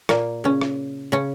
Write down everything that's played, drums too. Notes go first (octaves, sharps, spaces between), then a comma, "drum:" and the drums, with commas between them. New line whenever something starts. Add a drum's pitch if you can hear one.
A#2 A#3, drum: rim click
C#3 C#4
drum: rim click
C#3 C#4